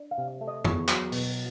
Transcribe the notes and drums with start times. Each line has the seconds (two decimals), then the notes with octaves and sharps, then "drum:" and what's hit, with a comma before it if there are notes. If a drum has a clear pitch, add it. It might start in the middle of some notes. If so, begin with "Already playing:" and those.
Already playing: D4
0.11 F5
0.18 C3
0.41 A3
0.48 D#5
0.65 E2 C#5, drum: tom
0.89 F#3, drum: clap
1.12 B2, drum: open hi-hat